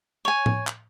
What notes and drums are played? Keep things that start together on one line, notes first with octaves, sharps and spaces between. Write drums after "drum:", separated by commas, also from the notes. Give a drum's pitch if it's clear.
C#5 G#5
drum: tom A2
drum: clap